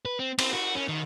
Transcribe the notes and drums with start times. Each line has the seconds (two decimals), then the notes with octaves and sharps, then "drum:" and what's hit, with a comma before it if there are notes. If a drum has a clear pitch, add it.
0.05 B4
0.19 C4
0.39 C4, drum: cymbal
0.52 F#4
0.75 C#4
0.88 D#3